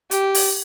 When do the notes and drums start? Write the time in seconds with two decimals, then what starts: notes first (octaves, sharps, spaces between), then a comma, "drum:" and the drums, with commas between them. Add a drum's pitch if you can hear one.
0.11 G4, drum: hi-hat
0.35 drum: open hi-hat